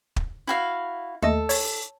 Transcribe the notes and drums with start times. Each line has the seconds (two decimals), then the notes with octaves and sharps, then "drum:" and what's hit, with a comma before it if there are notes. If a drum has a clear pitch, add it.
0.16 drum: kick
0.47 E4 F#4 F5
1.22 D#2 A3 A4 D#5
1.49 C#5 A5, drum: open hi-hat